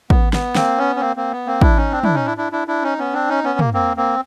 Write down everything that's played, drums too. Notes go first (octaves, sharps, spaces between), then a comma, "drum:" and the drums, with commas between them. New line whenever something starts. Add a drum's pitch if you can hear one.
B3, drum: kick
B3, drum: snare
A#3 C4, drum: snare
B3 C#4
C#4
A#3 C4
A#3 C4
B3
A#3 C4
D4 E4, drum: kick
C#4 D#4
C4 D4
D4 E4, drum: tom
C#4 D#4
D4 E4
D4 E4
D4 E4
D4 E4
C#4 D#4
B3 C#4
C4 D4
C#4 D#4
B3 C#4
A#3, drum: tom
A#3 C4
A#3 C4